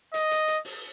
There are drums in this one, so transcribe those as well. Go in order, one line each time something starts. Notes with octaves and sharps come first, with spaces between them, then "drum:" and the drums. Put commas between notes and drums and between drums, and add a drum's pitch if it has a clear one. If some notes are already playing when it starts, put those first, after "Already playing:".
D#5, drum: hi-hat
drum: hi-hat
drum: hi-hat
drum: open hi-hat